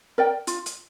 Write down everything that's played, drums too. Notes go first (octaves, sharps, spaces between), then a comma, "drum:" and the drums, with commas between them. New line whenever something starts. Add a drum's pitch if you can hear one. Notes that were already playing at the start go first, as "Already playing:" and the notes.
A#4 D5 G5
F4, drum: hi-hat
drum: hi-hat